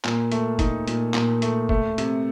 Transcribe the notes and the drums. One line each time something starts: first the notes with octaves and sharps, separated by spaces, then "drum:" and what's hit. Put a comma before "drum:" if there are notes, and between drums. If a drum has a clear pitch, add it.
A#2, drum: clap
A3, drum: hi-hat
D#4, drum: kick, hi-hat
A#2, drum: hi-hat
A#2, drum: clap
A3, drum: hi-hat
A3, drum: kick
C3, drum: hi-hat